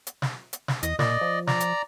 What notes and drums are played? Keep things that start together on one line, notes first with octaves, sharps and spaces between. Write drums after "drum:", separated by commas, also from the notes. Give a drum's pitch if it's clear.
drum: hi-hat
drum: snare
drum: hi-hat
drum: snare
E2 D#5 D#6, drum: hi-hat
A#2 D5 D#5, drum: snare
F3
D5 A#5, drum: snare
drum: hi-hat